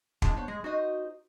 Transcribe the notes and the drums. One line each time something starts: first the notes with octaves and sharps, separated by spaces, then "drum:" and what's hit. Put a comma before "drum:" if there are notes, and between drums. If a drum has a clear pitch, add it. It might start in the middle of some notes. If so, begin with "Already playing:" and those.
C3 F3 G#3 D4, drum: kick
B3 C5 C#5
G#3 G#4
D#4 F#4 C5 D#5